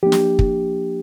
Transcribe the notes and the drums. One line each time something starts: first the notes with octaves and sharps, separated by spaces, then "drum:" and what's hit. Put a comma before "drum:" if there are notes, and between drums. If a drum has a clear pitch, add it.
F3 A#3 D4 G4
drum: snare
drum: kick